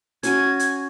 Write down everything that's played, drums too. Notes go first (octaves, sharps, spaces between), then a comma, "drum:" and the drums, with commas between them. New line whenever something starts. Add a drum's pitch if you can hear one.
C#4 F#4 G#5 G#6, drum: hi-hat
drum: hi-hat